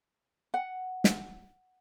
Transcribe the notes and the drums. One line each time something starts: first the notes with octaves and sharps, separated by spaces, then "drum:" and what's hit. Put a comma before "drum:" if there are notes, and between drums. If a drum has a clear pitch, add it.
F#5
drum: snare